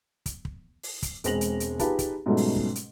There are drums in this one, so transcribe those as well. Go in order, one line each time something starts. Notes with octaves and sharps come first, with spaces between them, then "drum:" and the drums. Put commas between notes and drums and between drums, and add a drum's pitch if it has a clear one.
drum: kick, hi-hat
drum: kick
drum: open hi-hat
drum: kick, hi-hat
E1 G#3 C4 A#6 F7 F#7, drum: hi-hat
drum: hi-hat
drum: hi-hat
D#4 F4 G4 G#4 B4 A5, drum: kick, hi-hat
drum: kick, hi-hat
G#2 B2 F#3 G3 A3 C#4
drum: open hi-hat
drum: kick
drum: hi-hat